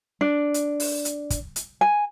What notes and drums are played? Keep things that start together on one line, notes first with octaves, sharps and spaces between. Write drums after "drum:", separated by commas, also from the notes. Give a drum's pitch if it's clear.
D4
drum: hi-hat
drum: open hi-hat
drum: hi-hat
drum: kick, hi-hat
drum: hi-hat
G#5